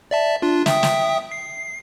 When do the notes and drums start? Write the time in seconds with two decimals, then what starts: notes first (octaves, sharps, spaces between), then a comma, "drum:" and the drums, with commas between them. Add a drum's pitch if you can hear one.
0.11 D5 E5 A5
0.42 D4 F4
0.66 E5 G5 D#6, drum: snare
0.83 drum: snare
1.32 C7